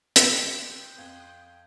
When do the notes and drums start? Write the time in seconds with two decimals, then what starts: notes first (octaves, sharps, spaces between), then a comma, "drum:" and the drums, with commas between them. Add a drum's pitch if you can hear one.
0.16 G5 C6 D#6 F#6, drum: hi-hat
0.98 F2 F5 G#6 G7